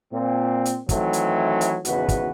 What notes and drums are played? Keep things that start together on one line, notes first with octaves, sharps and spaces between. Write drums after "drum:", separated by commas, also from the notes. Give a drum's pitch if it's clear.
A#2 C4
drum: hi-hat
D#3 E3 F#3 A3 C4, drum: kick, hi-hat
drum: hi-hat
drum: hi-hat
G#1 E2 C#3 F#4 B4, drum: hi-hat
drum: kick, hi-hat